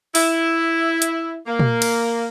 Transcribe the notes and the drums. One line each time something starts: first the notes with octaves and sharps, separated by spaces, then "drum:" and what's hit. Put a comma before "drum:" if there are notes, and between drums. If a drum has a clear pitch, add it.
E4, drum: open hi-hat
drum: hi-hat
A#3
drum: tom A#2
drum: cymbal